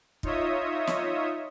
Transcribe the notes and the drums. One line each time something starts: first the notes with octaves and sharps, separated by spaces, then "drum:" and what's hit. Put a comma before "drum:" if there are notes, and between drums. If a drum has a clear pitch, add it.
D#4 F4 C#5 D#5 E5 D#6, drum: kick
drum: snare